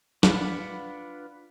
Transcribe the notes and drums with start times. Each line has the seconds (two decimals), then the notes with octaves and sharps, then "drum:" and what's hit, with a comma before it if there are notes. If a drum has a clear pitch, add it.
0.23 D4 F4 B4 F#5 B5, drum: snare